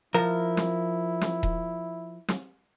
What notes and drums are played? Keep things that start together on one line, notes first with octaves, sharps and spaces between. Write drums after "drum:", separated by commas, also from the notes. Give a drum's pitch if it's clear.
F3 E4 A#4
drum: snare
drum: snare
drum: kick D#1
drum: snare